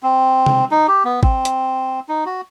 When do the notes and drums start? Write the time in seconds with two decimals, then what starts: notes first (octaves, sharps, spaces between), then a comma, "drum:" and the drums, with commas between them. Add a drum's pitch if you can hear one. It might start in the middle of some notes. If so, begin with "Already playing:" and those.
0.03 C4
0.46 drum: tom C3
0.71 D#4
0.88 G4
1.05 B3
1.23 C4, drum: kick G#1
1.45 drum: hi-hat
2.09 D#4
2.26 F#4